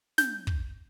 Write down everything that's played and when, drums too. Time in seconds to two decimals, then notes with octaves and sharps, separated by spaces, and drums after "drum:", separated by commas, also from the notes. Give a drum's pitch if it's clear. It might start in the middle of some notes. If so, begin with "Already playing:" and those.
0.18 G6, drum: snare
0.47 drum: kick